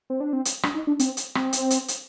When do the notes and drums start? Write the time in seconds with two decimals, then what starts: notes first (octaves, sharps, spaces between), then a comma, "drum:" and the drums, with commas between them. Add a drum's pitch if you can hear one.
0.10 C4
0.20 D4
0.33 C4
0.45 drum: hi-hat
0.63 D4, drum: rim click
0.75 D#4
0.87 D4
0.99 C4, drum: hi-hat
1.17 drum: hi-hat
1.35 C4, drum: rim click
1.53 drum: hi-hat
1.70 drum: hi-hat
1.88 drum: hi-hat